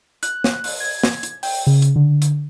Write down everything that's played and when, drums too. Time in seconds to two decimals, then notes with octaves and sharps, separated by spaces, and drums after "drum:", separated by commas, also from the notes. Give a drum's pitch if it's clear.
0.23 F#6, drum: hi-hat
0.44 drum: snare
0.64 drum: open hi-hat
0.80 G#6
1.03 drum: snare
1.23 drum: hi-hat
1.43 G5, drum: open hi-hat
1.67 C#3
1.82 drum: hi-hat
1.96 D3
2.22 drum: hi-hat